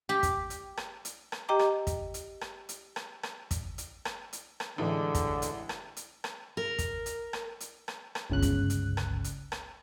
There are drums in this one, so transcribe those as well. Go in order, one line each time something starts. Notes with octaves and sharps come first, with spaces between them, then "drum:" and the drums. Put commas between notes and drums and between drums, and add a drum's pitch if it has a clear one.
G4
drum: kick, hi-hat
drum: hi-hat
drum: rim click
drum: hi-hat
drum: rim click
G4 D#5 G5 A#5 D6
drum: rim click
drum: kick, hi-hat
drum: hi-hat
drum: rim click
drum: hi-hat
drum: rim click
drum: rim click
drum: kick, hi-hat
drum: hi-hat
drum: rim click
drum: hi-hat
drum: rim click
A1 D3 E3 G#3
drum: kick, hi-hat
drum: hi-hat
drum: rim click
drum: hi-hat
drum: rim click
A#4
drum: kick, hi-hat
drum: hi-hat
drum: rim click
drum: hi-hat
drum: rim click
drum: rim click
G1 C#2 C#3 F#6
drum: kick, hi-hat
drum: hi-hat
drum: rim click
drum: hi-hat
drum: rim click